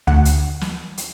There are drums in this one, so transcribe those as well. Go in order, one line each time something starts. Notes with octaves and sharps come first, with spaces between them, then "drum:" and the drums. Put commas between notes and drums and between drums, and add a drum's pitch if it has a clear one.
D2 F#5
drum: hi-hat
drum: snare
drum: hi-hat